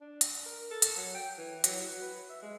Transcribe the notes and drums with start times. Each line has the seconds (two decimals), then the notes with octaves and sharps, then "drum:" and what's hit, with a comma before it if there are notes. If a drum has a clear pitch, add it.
0.01 D4
0.21 drum: hi-hat
0.46 A#4
0.71 A4
0.82 drum: hi-hat
0.97 F#3
1.15 G5
1.38 E3
1.64 F#3, drum: hi-hat
1.81 F#4
2.02 B4
2.30 E5
2.42 G#3